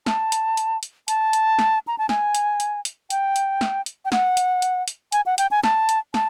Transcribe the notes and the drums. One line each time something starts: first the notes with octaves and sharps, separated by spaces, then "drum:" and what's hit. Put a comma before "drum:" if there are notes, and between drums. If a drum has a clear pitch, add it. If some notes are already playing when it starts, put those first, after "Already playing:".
A5, drum: snare
drum: hi-hat
drum: hi-hat
drum: hi-hat
A5, drum: hi-hat
drum: hi-hat
drum: snare
A#5
A5
G#5, drum: snare
drum: hi-hat
drum: hi-hat
drum: hi-hat
G5, drum: hi-hat
drum: hi-hat
drum: snare
drum: hi-hat
G5
F#5, drum: snare
drum: hi-hat
drum: hi-hat
drum: hi-hat
G#5, drum: hi-hat
F#5
G5, drum: hi-hat
G#5
A5, drum: snare
drum: hi-hat
A5, drum: snare